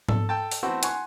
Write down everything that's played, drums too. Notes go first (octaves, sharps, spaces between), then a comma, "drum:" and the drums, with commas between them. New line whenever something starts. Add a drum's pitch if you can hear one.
A4, drum: tom G#2
A4 G5 A5
drum: open hi-hat
E3 A3 B3 C4 F#4
F#5 G#5 C6 C#6, drum: hi-hat